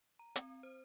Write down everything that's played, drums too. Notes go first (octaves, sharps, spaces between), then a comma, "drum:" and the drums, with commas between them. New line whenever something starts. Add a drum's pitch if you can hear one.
A#5
C4, drum: hi-hat
C5